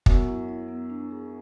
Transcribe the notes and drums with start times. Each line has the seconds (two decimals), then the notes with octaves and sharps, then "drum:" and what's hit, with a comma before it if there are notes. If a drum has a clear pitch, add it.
0.06 F#2 F#3 B3, drum: kick
0.28 E4
0.48 E4
0.68 B3
0.90 D4
1.11 G#4